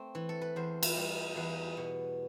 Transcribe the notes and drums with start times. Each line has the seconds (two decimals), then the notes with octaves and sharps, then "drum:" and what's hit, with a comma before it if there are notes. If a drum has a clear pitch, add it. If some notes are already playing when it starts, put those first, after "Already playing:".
Already playing: A3 C4 B4
0.15 E3
0.29 A4
0.42 B4
0.56 E2 C5
0.83 drum: cymbal
0.97 G3
1.36 E2 B4
1.77 B2